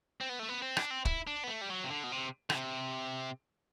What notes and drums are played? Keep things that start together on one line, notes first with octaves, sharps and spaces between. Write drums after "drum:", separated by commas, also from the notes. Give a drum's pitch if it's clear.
C4
B3
A3
B3
C4
D4, drum: rim click
C4
E4, drum: kick
D4
B3
A3
G3
F#3
C3
D3
B2
C3
D3, drum: rim click
C3